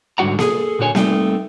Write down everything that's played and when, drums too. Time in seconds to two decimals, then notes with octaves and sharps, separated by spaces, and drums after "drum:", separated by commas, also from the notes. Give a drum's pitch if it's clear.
0.18 G#2 D3 G3 F#4 F#5 A#5
0.39 G#4 A4, drum: snare A#3
0.79 A#2 D3 F#4 C#5 G#5
0.95 G3 A3 C4 D#4 E5 G5, drum: snare A#3